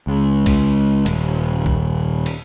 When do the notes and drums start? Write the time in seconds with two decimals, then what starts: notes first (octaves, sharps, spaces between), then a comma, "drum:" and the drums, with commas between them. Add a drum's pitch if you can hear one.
0.07 C#2
0.46 drum: kick B1, cymbal
1.06 D#1, drum: cymbal
1.66 drum: kick B1
2.26 drum: cymbal